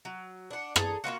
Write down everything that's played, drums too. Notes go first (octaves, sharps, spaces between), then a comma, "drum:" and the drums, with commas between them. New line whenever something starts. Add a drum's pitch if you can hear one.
F#3
D4 F#5
G#4 A4 A#5, drum: rim click
A#3 B3 F4 F#4